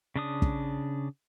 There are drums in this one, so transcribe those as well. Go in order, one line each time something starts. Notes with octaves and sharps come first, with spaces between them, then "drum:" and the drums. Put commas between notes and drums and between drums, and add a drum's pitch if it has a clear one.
C#3 D4 D#6
drum: kick